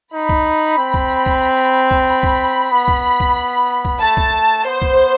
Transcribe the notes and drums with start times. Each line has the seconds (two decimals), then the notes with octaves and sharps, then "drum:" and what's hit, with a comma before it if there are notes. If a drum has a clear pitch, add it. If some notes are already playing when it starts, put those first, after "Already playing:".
0.13 D#4 B5
0.29 drum: kick B1
0.78 C4
0.94 drum: kick B1
1.26 drum: kick B1
1.91 drum: kick B1
2.07 B5
2.23 drum: kick B1
2.72 B3
2.88 drum: kick B1
3.20 drum: kick B1
3.85 drum: kick B1
4.01 A3 A5
4.17 drum: kick B1
4.66 B3 C5
4.82 drum: kick B1